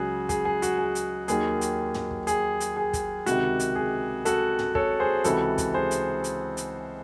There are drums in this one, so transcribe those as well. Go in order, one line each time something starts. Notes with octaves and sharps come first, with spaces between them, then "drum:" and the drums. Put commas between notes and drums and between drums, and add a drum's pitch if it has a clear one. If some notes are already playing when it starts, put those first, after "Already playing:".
Already playing: C#2 C#3 F#3 F#4 G#4
G#4, drum: kick, hi-hat
G#4
F#4, drum: hi-hat
G#4
drum: hi-hat
D#2 D#3 F#3 G#4, drum: hi-hat
drum: hi-hat
drum: tom
drum: kick
G#4, drum: hi-hat
drum: hi-hat
G#4
drum: kick, hi-hat
C#2 C3 D#3 F#4, drum: hi-hat
drum: hi-hat
G#4
F#4 A4, drum: hi-hat
drum: tom
A4 C#5, drum: kick
G#4 C5
C#2 C3 E3 F#4 A4, drum: hi-hat
drum: kick, hi-hat
G#4 C5
drum: hi-hat
drum: hi-hat
drum: hi-hat